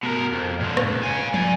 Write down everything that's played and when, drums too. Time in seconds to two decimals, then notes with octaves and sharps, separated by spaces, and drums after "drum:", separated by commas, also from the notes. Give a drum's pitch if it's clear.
0.03 B2 A#4
0.33 F2
0.60 A#2 D3
0.77 drum: rim click
0.87 C#2
1.03 F5 G#5
1.34 D5 G#5, drum: tom